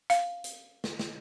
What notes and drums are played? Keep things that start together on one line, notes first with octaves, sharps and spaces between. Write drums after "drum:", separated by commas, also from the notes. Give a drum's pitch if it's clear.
F5, drum: hi-hat
drum: hi-hat
drum: snare
drum: snare